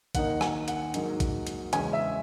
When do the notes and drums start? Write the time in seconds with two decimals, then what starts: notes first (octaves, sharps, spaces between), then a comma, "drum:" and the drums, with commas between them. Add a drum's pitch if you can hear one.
0.15 D#2 D#3 A#3 D#4 F#5, drum: kick A1, hi-hat
0.41 G#5, drum: rim click
0.68 F#5, drum: hi-hat
0.94 G#2 F#3 A#3 D#4, drum: hi-hat
1.20 drum: kick A1, hi-hat
1.47 drum: hi-hat
1.73 E2 C#3 G#3 C#4 G#5, drum: hi-hat
1.93 E5